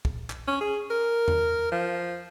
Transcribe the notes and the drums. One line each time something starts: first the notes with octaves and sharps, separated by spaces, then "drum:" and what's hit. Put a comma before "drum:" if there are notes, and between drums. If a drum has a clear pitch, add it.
drum: kick
drum: clap
C#4
G#4
A#4
drum: tom E2
F3